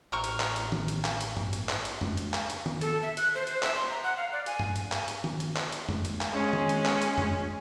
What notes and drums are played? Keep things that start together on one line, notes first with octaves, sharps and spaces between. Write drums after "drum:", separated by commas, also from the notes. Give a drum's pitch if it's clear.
A1 C3 A#4 C#6
drum: hi-hat
drum: clap
drum: hi-hat
drum: tom D#3
drum: hi-hat
drum: clap
drum: hi-hat
drum: tom G2
drum: hi-hat
drum: clap
drum: hi-hat
drum: tom F2
drum: hi-hat
drum: clap
drum: hi-hat
drum: tom D#3
A4, drum: hi-hat
E5
F#6, drum: hi-hat
C5
C5, drum: hi-hat
E5, drum: clap
C6
A#5
F#5
F5
D5
G#5, drum: hi-hat
drum: tom G2
drum: hi-hat
drum: clap
drum: hi-hat
drum: tom D#3
drum: hi-hat
drum: clap
drum: hi-hat
drum: tom F2
drum: hi-hat
drum: clap
G#3 C#4
drum: tom D#3
drum: hi-hat
drum: clap
drum: hi-hat
drum: tom F2